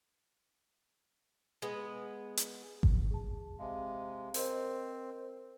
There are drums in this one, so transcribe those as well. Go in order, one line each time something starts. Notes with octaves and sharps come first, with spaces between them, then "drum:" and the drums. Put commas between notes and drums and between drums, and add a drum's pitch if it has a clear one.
G#3 B3
drum: hi-hat
drum: kick G#1
G#4 A5
C3 G#3 F5
C4 A#4 C5 D#5, drum: open hi-hat